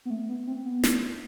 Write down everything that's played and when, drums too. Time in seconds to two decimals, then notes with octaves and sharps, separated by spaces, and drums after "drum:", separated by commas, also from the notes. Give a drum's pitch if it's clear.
0.05 B3
0.10 A3
0.28 B3
0.47 C4
0.65 B3
0.83 drum: snare